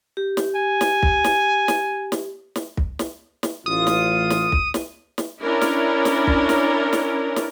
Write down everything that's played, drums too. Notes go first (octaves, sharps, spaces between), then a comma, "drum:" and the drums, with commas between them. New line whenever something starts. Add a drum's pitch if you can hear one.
G4
drum: snare
G#5
drum: snare
drum: kick
drum: snare
drum: snare
drum: snare
drum: snare
drum: kick
drum: snare
drum: snare
A1 F4 D#6
drum: snare
drum: snare
drum: kick
drum: snare
drum: snare
C#4 D4 E4 A#4
drum: snare
drum: snare
drum: kick
drum: snare
drum: snare
drum: snare